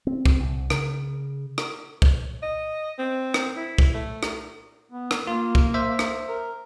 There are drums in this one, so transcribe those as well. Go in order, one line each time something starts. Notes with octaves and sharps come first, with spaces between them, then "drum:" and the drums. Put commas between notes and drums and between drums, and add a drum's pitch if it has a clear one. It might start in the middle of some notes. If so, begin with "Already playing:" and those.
C4
drum: kick C2
C2
C#3, drum: rim click
drum: rim click
drum: kick C2
D#5
C4
drum: rim click
E4
drum: kick C2
A3
drum: rim click
B3
drum: rim click
A#3 F4
drum: kick C2
C5 E5
drum: rim click
A#4